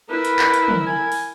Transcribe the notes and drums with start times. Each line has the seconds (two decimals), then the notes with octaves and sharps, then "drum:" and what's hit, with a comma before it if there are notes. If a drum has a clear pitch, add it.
0.10 E4 A#4 B4
0.25 drum: hi-hat
0.39 drum: clap
0.54 drum: hi-hat
0.68 drum: tom
0.86 G#5
1.12 drum: open hi-hat